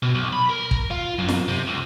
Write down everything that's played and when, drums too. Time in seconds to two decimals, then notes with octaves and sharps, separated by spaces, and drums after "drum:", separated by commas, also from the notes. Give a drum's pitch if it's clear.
0.03 B2
0.15 B1
0.33 B5
0.49 A#4
0.71 drum: kick
0.91 F4
1.19 F#2
1.28 drum: snare
1.48 C3
1.67 C#2